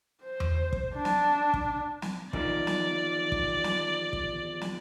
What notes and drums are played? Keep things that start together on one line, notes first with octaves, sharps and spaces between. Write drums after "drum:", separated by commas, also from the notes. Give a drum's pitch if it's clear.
C5
drum: tom E2
drum: kick
D4
drum: snare
drum: kick
drum: snare
E2 D#3 F3 D5, drum: kick
drum: snare
drum: kick
drum: snare
drum: kick
drum: snare